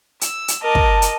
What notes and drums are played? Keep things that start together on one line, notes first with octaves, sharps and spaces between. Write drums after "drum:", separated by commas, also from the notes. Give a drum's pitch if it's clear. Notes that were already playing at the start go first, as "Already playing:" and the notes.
E6, drum: hi-hat
drum: hi-hat
A#4 D#5 A5 D6
drum: kick
drum: hi-hat